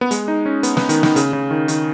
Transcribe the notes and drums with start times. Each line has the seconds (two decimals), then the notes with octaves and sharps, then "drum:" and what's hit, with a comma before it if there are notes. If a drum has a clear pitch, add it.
0.01 B3
0.11 G#3, drum: hi-hat
0.28 D#4
0.46 C#4
0.63 B3, drum: hi-hat
0.77 B3, drum: snare
0.89 D#3, drum: hi-hat
1.03 D#3, drum: snare
1.16 C#3, drum: hi-hat
1.33 C#3
1.51 D#3
1.68 D#3, drum: hi-hat